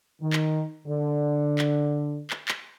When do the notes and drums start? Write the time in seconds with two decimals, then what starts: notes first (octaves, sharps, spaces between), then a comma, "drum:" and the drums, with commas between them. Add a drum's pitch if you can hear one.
0.21 D#3
0.33 drum: clap
0.87 D3
1.58 drum: clap
2.30 drum: clap
2.48 drum: clap